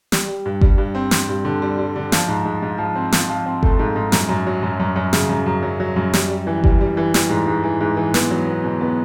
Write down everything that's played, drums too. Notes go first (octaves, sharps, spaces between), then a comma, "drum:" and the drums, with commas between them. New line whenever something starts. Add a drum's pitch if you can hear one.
G3, drum: snare
G3
G2
G3, drum: kick G1
G2
C4
C4, drum: snare
G2
D3
G3
G3
D3
F3, drum: snare
G#2
G#2
G#2
F3
C4
F3, drum: snare
F3
C4
A3, drum: kick G1
G#2
G#2
F#2, drum: snare
F#2
F#3
F#2
F#2
F#2
C#3, drum: snare
F#2
F#2
F#3
F#3
F#2
G3, drum: snare
G3
E3
G3, drum: kick G1
G3
E3
G3, drum: snare
G#2
G#2
E3
G#2
E3
B3, drum: snare
F#3
B3
B2
B3